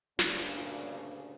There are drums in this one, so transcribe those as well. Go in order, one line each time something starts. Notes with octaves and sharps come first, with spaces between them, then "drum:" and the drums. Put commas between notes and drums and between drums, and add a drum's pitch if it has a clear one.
D2 G2 A#2 C#3, drum: snare